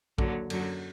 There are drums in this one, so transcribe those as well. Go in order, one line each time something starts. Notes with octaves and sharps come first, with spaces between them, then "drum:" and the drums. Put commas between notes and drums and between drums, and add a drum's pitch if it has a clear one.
D#2 D3 F#3, drum: kick A#1
F#2 D3 F#3, drum: cymbal